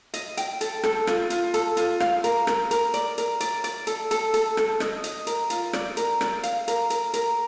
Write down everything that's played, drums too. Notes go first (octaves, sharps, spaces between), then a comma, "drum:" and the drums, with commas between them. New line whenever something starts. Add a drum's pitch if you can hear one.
D#5, drum: hi-hat
G5, drum: hi-hat
A4, drum: hi-hat
A4, drum: rim click
F4, drum: rim click
F4, drum: hi-hat
A4, drum: hi-hat
F4, drum: hi-hat
F5, drum: rim click
A#4, drum: hi-hat
A#4, drum: rim click
A#4, drum: hi-hat
D5, drum: hi-hat
A#4, drum: hi-hat
D5, drum: hi-hat
D5, drum: hi-hat
A4, drum: hi-hat
A4, drum: hi-hat
A4, drum: hi-hat
A4, drum: rim click
D#5, drum: rim click
D#5, drum: hi-hat
A#4, drum: hi-hat
F4, drum: hi-hat
D5, drum: rim click
A#4, drum: hi-hat
D5, drum: rim click
F5, drum: hi-hat
A#4, drum: hi-hat
A#4, drum: hi-hat
A#4, drum: hi-hat